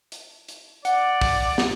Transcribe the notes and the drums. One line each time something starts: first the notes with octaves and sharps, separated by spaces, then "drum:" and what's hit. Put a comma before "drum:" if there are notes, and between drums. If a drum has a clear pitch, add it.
drum: hi-hat
drum: hi-hat
D5 F#5, drum: hi-hat
drum: kick, open hi-hat
drum: snare